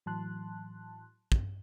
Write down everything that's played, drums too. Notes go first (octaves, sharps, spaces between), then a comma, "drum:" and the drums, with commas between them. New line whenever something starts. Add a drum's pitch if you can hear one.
A2 E3 F#3 A5 C6 F#6
drum: kick